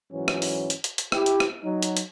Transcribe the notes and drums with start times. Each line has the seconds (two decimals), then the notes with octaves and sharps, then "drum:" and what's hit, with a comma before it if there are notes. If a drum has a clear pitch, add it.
0.12 G#2 E3 F#3 C#4
0.28 drum: rim click
0.42 drum: open hi-hat
0.70 drum: hi-hat
0.84 drum: hi-hat
0.98 drum: hi-hat
1.12 E4 G4, drum: rim click
1.26 drum: hi-hat
1.40 drum: rim click
1.63 F#3 D#4
1.82 drum: hi-hat
1.97 drum: hi-hat